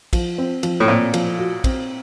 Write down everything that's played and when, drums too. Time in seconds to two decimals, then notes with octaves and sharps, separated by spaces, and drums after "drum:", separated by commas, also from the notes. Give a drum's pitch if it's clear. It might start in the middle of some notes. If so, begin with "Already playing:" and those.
0.13 F3, drum: kick, cymbal
0.38 C4
0.63 F3, drum: cymbal
0.80 A2
0.88 A#2 C4
1.14 F3, drum: cymbal
1.39 F#4
1.64 C4, drum: kick, cymbal